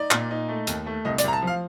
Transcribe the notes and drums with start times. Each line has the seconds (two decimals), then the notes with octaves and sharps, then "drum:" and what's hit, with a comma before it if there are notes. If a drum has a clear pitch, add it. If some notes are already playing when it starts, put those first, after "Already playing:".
Already playing: D#4 D5
0.11 A#2, drum: clap
0.31 D#4
0.48 A3
0.67 D#2, drum: hi-hat
0.86 A3
1.05 C2 D#5
1.18 D5, drum: hi-hat
1.24 C2 A#5
1.33 A5
1.42 F3
1.47 F5